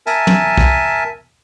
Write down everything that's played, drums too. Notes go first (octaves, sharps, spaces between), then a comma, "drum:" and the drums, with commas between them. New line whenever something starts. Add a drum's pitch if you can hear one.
A#4 E5 G#5 A5, drum: hi-hat
drum: tom
drum: kick